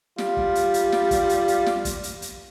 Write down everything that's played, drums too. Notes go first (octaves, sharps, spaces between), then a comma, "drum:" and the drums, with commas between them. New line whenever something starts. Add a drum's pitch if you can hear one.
G3 F4, drum: snare
drum: kick
drum: hi-hat
drum: hi-hat
drum: snare
drum: kick, hi-hat
drum: hi-hat
drum: hi-hat
drum: snare
drum: kick, hi-hat
drum: hi-hat
drum: hi-hat